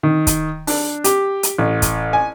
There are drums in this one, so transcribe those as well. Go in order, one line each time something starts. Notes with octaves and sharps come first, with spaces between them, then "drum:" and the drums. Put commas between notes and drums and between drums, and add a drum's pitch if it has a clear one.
D#3
drum: kick, hi-hat
D4, drum: open hi-hat
G4, drum: hi-hat
drum: hi-hat
A1
drum: kick, hi-hat
G#5